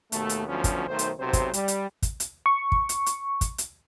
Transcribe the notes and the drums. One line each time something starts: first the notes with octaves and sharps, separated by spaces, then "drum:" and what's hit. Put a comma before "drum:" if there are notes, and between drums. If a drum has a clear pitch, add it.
D#2 B2 A3, drum: hi-hat
drum: hi-hat
D2 F3 F#3 B3 C#4
drum: kick, hi-hat
B1 D#3 A3 C5
drum: hi-hat
B1 C3 F#3 C5
drum: kick, hi-hat
G3, drum: hi-hat
drum: hi-hat
drum: kick, hi-hat
drum: hi-hat
C#6
drum: kick
drum: hi-hat
drum: hi-hat
drum: kick, hi-hat
drum: hi-hat